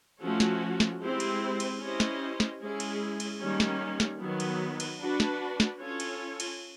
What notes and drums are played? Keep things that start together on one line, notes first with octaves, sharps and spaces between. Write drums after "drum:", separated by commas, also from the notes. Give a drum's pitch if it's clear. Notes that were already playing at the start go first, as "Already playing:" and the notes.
F3 A3 C#4 F#4
drum: snare
drum: snare
G#3 C4 E4 G4 C5
drum: cymbal
drum: cymbal
C#4 E4 G4 C5 D#5
drum: snare
drum: snare
G#3 C#4 E4 G#4
drum: cymbal
drum: cymbal
D#3 G3 A#3 C#4
drum: snare
drum: snare
D#3 F#3 B3
drum: cymbal
drum: cymbal
D4 F#4 B4
drum: snare
drum: snare
C#4 F4 A4 C#5
drum: cymbal
drum: cymbal